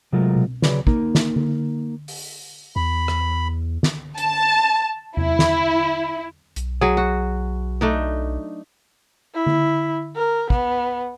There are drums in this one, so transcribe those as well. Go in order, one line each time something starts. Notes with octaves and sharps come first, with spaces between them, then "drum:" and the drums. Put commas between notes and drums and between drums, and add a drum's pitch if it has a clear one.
C3 F#3 G#3 A3 F4 A#4
drum: tom B2
C#3 F#3 G#4 B4 D5, drum: snare
A#3 D#4 A#4, drum: kick
drum: snare
drum: tom D3
drum: open hi-hat
E2 B5
drum: rim click
drum: snare
A5, drum: hi-hat
E4, drum: tom E2
drum: snare
B1, drum: hi-hat
F#3 G#4
F#4
A3 D4 D#4
E4
drum: tom D3
A#4
B3, drum: kick